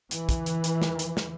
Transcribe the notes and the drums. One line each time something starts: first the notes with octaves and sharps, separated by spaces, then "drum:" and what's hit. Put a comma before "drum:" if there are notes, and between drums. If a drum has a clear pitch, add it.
E3, drum: hi-hat
drum: kick, hi-hat
drum: hi-hat
drum: hi-hat
drum: snare
drum: hi-hat
drum: snare